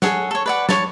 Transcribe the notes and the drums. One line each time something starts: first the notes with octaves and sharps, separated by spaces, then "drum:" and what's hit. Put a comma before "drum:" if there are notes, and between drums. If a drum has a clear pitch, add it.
G#4 A4 C#5 F#5, drum: snare
A4 C#5
B4 D5 F#5
C#5 A5, drum: snare